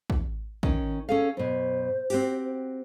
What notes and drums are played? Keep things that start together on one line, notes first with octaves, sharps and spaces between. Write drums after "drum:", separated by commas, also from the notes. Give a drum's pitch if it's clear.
drum: kick
D#3 C#4, drum: kick
C#4 G#4 A4 F5
F#2 B2 C5
C4 F#4 G4, drum: open hi-hat